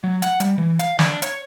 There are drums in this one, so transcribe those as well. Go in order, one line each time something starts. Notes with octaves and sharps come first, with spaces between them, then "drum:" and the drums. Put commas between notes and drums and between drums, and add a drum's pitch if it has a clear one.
F#3
F#5, drum: hi-hat
G3, drum: hi-hat
E3
F5, drum: hi-hat
D4, drum: snare
C#5, drum: hi-hat